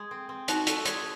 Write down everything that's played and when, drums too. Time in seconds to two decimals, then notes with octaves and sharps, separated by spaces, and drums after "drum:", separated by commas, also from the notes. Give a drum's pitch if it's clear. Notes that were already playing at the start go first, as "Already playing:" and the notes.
Already playing: G#3
0.11 C4
0.29 C4
0.48 D#4 F#4, drum: hi-hat
0.67 A4, drum: hi-hat
0.85 G#3, drum: hi-hat